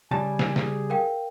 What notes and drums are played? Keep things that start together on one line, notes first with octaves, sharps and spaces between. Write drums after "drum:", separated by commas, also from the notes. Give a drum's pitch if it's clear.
C#3 G3 G#5 A5
drum: snare
G#4, drum: snare
A#4 F5 G5